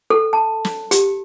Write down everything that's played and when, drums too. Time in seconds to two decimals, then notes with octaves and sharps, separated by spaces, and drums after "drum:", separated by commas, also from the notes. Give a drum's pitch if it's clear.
0.10 A4
0.33 A5
0.65 drum: snare
0.91 G4, drum: hi-hat